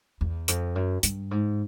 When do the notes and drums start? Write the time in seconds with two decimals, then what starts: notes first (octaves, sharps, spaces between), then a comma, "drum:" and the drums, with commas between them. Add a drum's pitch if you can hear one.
0.21 E2
0.48 F2, drum: hi-hat
0.75 F#2
1.03 G2, drum: hi-hat
1.31 G#2